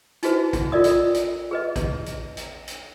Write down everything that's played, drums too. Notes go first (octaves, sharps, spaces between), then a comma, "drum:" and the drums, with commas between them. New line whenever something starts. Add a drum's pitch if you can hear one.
D#4 E4 F#4 G#4 B4 C5, drum: hi-hat
drum: kick A1, hi-hat
F4 A4 A#4 D5 D#5 D#6
drum: hi-hat
drum: hi-hat
G#4 B4 D#5
drum: kick A1, hi-hat
drum: hi-hat
drum: hi-hat
drum: hi-hat